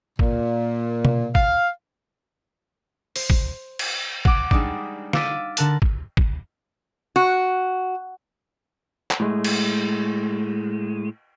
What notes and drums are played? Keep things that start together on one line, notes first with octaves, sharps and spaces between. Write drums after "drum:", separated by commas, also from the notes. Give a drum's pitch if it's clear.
A#2, drum: kick
drum: tom B2
F5, drum: kick
C5, drum: open hi-hat
drum: kick
drum: cymbal
F#5 D6, drum: kick
G3 G#3 D4 D#4 D5, drum: kick
F5 D6 E6 A6 B6 D#7, drum: snare
D3 A#4 A5 F#6 E7, drum: hi-hat
drum: kick
drum: kick
F#4
drum: clap
A2 G#3 A3
drum: cymbal